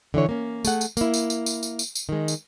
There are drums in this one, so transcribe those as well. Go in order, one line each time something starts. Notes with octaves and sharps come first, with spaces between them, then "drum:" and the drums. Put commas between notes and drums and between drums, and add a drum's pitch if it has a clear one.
D3 E3 E4 C#5
A#3 C#4
A3 G#4 F#5, drum: tambourine
drum: tambourine
A#3 E4, drum: tambourine
drum: tambourine
drum: tambourine
drum: tambourine
drum: tambourine
drum: tambourine
drum: tambourine
D#3 G#3
drum: tambourine